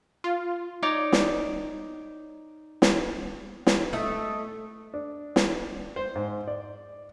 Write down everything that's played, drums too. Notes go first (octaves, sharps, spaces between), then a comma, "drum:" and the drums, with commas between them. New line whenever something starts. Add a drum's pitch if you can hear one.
F4
D#4 C#5 D5 D#6
drum: snare
drum: snare
drum: snare
A3 D#5
D4
drum: snare
C5
G#2
D5